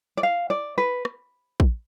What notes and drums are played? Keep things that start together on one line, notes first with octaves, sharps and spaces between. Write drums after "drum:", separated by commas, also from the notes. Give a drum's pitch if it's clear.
D5
F5
D5
B4
drum: rim click
drum: kick